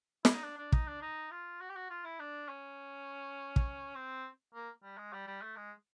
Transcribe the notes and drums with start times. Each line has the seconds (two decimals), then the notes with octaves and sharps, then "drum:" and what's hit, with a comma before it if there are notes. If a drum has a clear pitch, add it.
0.25 E4, drum: snare
0.34 D#4
0.43 D4
0.57 D4
0.72 D#4, drum: kick
0.87 D4
1.02 D#4
1.31 F4
1.61 F#4
1.69 G4
1.76 F#4
1.90 F4
2.05 E4
2.19 D4
2.49 C#4
3.56 drum: kick
3.95 C4
4.54 A#3
4.83 G3
4.98 G#3
5.13 G3
5.27 G3
5.42 A3
5.57 G#3